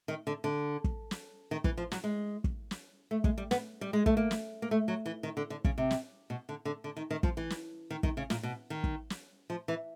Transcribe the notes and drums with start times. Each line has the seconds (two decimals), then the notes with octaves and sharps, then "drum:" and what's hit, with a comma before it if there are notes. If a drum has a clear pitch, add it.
0.08 D#3
0.27 D3
0.44 D3
0.84 drum: kick
1.11 drum: snare
1.51 D#3
1.64 E3, drum: kick
1.77 F3
1.92 F#3, drum: snare
2.04 G#3
2.44 drum: kick
2.71 drum: snare
3.11 A3
3.24 G#3, drum: kick
3.38 G3
3.51 B3, drum: snare
3.81 G3
3.93 G#3
4.06 A3, drum: kick
4.17 A#3
4.31 drum: snare
4.62 A#3
4.71 A3
4.88 F#3
5.06 E3
5.23 D#3
5.37 D3
5.50 D3
5.64 C#3, drum: kick
5.78 C3
5.91 drum: snare
6.30 B2
6.49 D3
6.65 D3
6.84 D3
6.97 D#3
7.11 D#3
7.23 F3, drum: kick
7.37 E3
7.50 drum: snare
7.90 D#3
8.03 D#3, drum: kick
8.17 C#3
8.30 A#2, drum: snare
8.43 B2
8.70 D#3
8.84 drum: kick
9.10 drum: snare
9.50 F3
9.68 E3